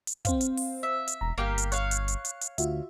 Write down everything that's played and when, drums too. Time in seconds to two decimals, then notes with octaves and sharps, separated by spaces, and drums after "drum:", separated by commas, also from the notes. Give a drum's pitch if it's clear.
0.07 drum: hi-hat
0.25 C4 C5 F5, drum: kick, hi-hat
0.41 drum: hi-hat
0.57 drum: open hi-hat
0.83 E5
1.07 drum: hi-hat
1.21 E1 A#5
1.38 G1 A#3 G4 F5
1.58 drum: hi-hat
1.72 C#5 F5 F#6, drum: hi-hat
1.91 drum: hi-hat
2.08 drum: hi-hat
2.25 drum: hi-hat
2.41 drum: hi-hat
2.58 D2 F4 F#4 E5, drum: hi-hat